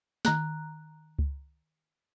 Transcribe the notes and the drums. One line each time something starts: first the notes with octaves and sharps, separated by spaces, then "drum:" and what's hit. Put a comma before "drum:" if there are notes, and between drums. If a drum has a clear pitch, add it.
D#3 A#5 F#6, drum: snare
drum: kick C#2